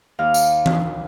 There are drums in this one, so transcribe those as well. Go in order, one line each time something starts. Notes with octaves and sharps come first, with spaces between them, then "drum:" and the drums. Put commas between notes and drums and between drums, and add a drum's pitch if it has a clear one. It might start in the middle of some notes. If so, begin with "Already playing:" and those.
D#2 F5 F6
drum: tambourine
drum: tom E3